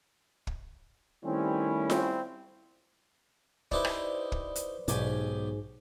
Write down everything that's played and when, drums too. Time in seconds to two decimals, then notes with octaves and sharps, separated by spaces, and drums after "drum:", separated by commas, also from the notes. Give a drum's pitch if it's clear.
0.47 drum: kick
1.25 D#3 G3 A3 C4 C#4 E4
1.90 C4, drum: snare F4
3.71 D#4 E4 G4 B4 C5 D5, drum: kick
3.84 drum: rim click
4.32 drum: kick
4.56 drum: hi-hat
4.88 B1 G#2 G4 G#5, drum: hi-hat